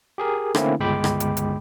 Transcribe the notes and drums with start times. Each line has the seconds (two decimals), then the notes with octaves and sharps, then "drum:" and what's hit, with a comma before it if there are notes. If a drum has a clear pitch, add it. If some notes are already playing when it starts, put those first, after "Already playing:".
0.18 G4 G#4 A#4
0.55 D3 A3 A#3 C4 C#4 E4, drum: rim click
0.79 G1 C#2 G#3 G5 B5 D6
1.04 drum: rim click
1.20 drum: hi-hat
1.37 drum: hi-hat